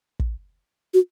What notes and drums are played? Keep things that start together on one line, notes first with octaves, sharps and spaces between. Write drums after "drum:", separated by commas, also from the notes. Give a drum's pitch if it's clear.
drum: kick
F#4